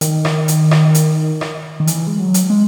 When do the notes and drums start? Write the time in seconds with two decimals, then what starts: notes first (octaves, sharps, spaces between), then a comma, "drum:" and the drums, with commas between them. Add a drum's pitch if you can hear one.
0.01 D#3, drum: hi-hat
0.25 drum: rim click
0.48 drum: hi-hat
0.71 drum: rim click
0.95 drum: hi-hat
1.41 drum: rim click
1.80 D#3
1.87 E3, drum: hi-hat
2.07 G#3
2.19 F#3
2.34 drum: hi-hat
2.50 G#3